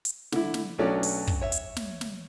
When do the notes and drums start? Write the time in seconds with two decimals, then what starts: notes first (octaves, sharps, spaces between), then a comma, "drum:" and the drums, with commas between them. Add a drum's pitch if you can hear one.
0.05 drum: hi-hat
0.32 D3 E4, drum: snare
0.54 drum: snare
0.78 B1 F#3 A3 C#4 D4 D5
1.03 drum: open hi-hat
1.27 drum: kick
1.41 C#5 E5
1.52 drum: hi-hat
1.76 drum: snare
2.01 drum: snare